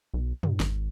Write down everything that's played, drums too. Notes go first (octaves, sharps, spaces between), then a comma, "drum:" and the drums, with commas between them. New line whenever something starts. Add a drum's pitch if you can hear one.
B1
G2, drum: tom
G#1, drum: snare